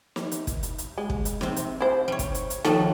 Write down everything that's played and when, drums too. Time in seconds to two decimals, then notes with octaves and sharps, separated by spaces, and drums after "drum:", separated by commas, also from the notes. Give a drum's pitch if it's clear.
0.16 drum: snare
0.32 drum: hi-hat
0.47 drum: kick, hi-hat
0.63 drum: hi-hat
0.78 drum: hi-hat
0.98 G#3
1.10 drum: kick
1.25 drum: hi-hat
1.41 C3 C4, drum: snare
1.56 drum: hi-hat
1.80 E4 C5
2.08 G3 C#5
2.19 drum: kick, hi-hat
2.35 drum: hi-hat
2.50 drum: hi-hat
2.65 D#3 F3 F#3 A4, drum: snare